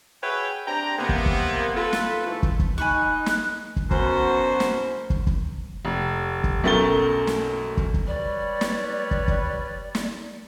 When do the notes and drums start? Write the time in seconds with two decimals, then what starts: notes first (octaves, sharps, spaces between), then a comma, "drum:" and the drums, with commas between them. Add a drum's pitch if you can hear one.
0.23 F#4 G#4 B4 C#5 E5 G5
0.68 C4 D4 G4 G5 A#5
0.99 C3 A#3 B3
1.09 drum: kick
1.26 drum: kick
1.76 F4 A4 B4
1.93 drum: snare
2.27 G#2 E3 A3
2.43 drum: kick
2.59 drum: kick
2.78 D#4 G#5 B5 C#6 F#6
3.26 drum: snare
3.76 drum: kick
3.91 F#2 B2 F#4 C5, drum: kick
4.60 drum: snare
5.10 drum: kick
5.27 drum: kick
5.85 F1
6.44 drum: kick
6.64 B1 F#2 A3 A#4 A6 G7
7.27 drum: snare
7.77 drum: kick
7.94 drum: kick
8.07 G3 B4 C#5 D5
8.61 drum: snare
9.11 drum: kick
9.28 drum: kick
9.95 drum: snare